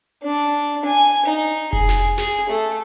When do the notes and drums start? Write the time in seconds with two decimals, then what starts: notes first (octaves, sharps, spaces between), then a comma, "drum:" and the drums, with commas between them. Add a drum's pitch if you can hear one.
0.23 D4
0.85 G#5
1.26 D#4
1.73 G#4, drum: kick F1
1.89 drum: snare
2.18 G#4, drum: snare
2.49 A3